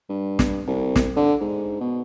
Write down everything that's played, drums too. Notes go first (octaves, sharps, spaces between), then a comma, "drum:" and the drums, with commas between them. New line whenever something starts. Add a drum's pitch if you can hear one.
G2
drum: snare
C2
drum: snare
D3
G#2
B2